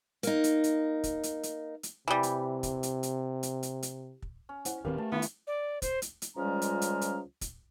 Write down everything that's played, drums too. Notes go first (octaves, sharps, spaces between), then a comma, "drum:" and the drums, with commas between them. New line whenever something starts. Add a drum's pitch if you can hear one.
A#3 D#4, drum: hi-hat
drum: hi-hat
drum: hi-hat
drum: kick, hi-hat
drum: hi-hat
drum: hi-hat
drum: hi-hat
C3 E3 G3
drum: hi-hat
drum: kick, hi-hat
drum: hi-hat
drum: hi-hat
drum: hi-hat
drum: hi-hat
drum: hi-hat
drum: kick
C#4
E4 C5 F#5, drum: hi-hat
D1 D#3 C4 G4 A#4 B4 F5
A3 A5
D#3 B3 E4
drum: hi-hat
D5
C5, drum: kick, hi-hat
drum: hi-hat
drum: hi-hat
C#2 F3 G3 G#3 C#4 A#5
drum: hi-hat
drum: hi-hat
drum: hi-hat
drum: kick, hi-hat